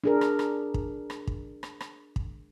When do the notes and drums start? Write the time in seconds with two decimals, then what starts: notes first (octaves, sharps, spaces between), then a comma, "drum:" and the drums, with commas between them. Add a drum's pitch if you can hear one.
0.04 D4 G#4 A#4
0.21 drum: rim click
0.39 drum: rim click
0.74 drum: kick
1.10 drum: rim click
1.27 drum: kick
1.63 drum: rim click
1.81 drum: rim click
2.16 drum: kick